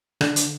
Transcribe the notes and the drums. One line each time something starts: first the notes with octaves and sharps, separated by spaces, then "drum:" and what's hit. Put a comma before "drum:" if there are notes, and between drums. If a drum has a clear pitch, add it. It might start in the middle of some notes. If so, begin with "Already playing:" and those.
D3, drum: rim click
drum: hi-hat